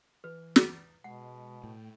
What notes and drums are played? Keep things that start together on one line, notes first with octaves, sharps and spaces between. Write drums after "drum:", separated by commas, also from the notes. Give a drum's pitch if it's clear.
E3 B4
drum: snare
B2 G#3 F#5
A2 G5